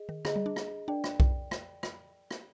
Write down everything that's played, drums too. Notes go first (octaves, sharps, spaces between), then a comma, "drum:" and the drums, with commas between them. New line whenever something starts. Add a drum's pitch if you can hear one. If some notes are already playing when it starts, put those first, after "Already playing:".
Already playing: G#4 D#5
D#3
D3 G#4 D#5 A#5, drum: rim click
G3
D4
drum: rim click
D4 A#4 D5 G5
drum: rim click
drum: kick B1
drum: rim click
drum: rim click
drum: rim click